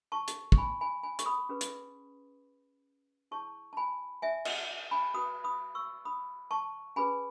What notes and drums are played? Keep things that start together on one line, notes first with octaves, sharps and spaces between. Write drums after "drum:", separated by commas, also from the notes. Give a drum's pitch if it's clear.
A5 C#6
drum: hi-hat
C#6, drum: kick
G#5 B5
G#5 B5
G#5 B5
C#6, drum: hi-hat
B5 D#6
C#4 G#4 B4
drum: hi-hat
E4 G#4 C#5 A5 C#6
A5
G#5 B5
E5 G#5
D#5 F#5, drum: cymbal
G#5 B5
F#4 B4 B5 D#6
B5 D#6
C#6 E6
B5 D#6
A5 C#6
C#4 G#4 B4 G#5 B5